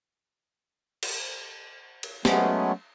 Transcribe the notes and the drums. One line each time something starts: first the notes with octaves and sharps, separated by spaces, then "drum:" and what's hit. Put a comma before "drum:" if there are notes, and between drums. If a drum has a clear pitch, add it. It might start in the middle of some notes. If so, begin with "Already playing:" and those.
drum: cymbal
drum: cymbal
F#3 G#3 A3 B3 C#4, drum: snare